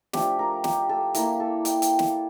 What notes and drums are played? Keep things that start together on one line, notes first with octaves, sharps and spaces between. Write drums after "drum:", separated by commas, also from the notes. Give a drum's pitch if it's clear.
F3 A3 D4 F4 G4, drum: snare
A#4
G4, drum: snare
A4
A#3 E4 A#4, drum: hi-hat
A4
G5, drum: hi-hat
drum: hi-hat
drum: snare